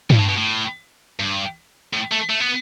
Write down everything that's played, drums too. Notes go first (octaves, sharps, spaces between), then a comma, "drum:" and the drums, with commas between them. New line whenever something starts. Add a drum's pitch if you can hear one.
G2, drum: tom
A2
B2
A2
G2
A2
A3
A3
B3